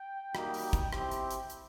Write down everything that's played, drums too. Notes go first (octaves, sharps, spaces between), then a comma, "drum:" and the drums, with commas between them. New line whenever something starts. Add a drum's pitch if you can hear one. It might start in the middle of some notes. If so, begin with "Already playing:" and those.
Already playing: G5
G3 A#3 D#4 F#4, drum: rim click
drum: open hi-hat
drum: kick, hi-hat
C4 E4 G4, drum: rim click
drum: hi-hat
drum: hi-hat
drum: hi-hat